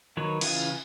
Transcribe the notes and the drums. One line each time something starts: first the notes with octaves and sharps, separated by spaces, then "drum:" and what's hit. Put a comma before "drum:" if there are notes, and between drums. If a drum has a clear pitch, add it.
D#3 F#3 B4 C#5
C#3 E3 F4 G#5, drum: cymbal